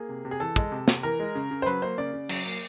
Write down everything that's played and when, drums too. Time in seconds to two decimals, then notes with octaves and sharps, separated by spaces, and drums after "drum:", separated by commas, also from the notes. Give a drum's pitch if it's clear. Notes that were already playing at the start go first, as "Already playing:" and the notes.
Already playing: A#3 G#4
0.09 C3
0.25 C3
0.31 G#4
0.40 E3 A4
0.56 G#3, drum: kick
0.72 C3
0.88 C3, drum: snare
1.03 E3 A#4
1.19 G#3
1.35 C#3
1.51 C#3
1.62 C5
1.66 F#3 B4
1.82 A#3 C5
1.98 C#3 D5
2.14 C#3
2.29 F#3, drum: cymbal
2.45 A#3